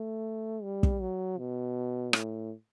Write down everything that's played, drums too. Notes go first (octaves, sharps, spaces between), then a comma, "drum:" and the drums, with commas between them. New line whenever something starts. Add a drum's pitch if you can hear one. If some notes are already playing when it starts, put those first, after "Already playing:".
Already playing: A3
G3
drum: kick
F#3
B2
A2, drum: rim click